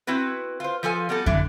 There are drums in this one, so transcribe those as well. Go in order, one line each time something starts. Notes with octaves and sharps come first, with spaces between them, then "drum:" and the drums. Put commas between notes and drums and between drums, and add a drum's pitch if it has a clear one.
C4 E4 F#4 B4
F4 C5
F3 F4 A4 G#5
G3 B3 F#4 A4
D3 E3 D4, drum: kick